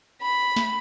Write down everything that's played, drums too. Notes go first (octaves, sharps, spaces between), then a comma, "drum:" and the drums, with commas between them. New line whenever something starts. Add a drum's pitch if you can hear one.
B5
drum: snare